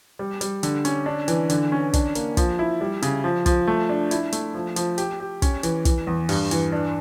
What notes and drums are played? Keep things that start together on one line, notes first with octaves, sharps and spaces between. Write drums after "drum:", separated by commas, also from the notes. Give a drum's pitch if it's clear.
G3
G3, drum: hi-hat
D3, drum: hi-hat
C#4, drum: hi-hat
D4
E3, drum: hi-hat
D3, drum: hi-hat
C#4
D4, drum: kick, hi-hat
A#3, drum: hi-hat
F3, drum: kick, hi-hat
E4
G3
C#3, drum: hi-hat
F3
F3, drum: kick, hi-hat
A3
D4
E4, drum: hi-hat
A3, drum: hi-hat
F3
F3, drum: hi-hat
G4, drum: hi-hat
G4
C#4, drum: kick, hi-hat
E3, drum: hi-hat
E3, drum: kick, hi-hat
E2
G2, drum: open hi-hat
E3, drum: hi-hat
D4